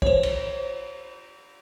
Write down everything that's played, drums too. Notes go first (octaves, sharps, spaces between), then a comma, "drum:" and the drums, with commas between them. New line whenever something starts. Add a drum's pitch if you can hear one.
C5 C#5, drum: kick
drum: cymbal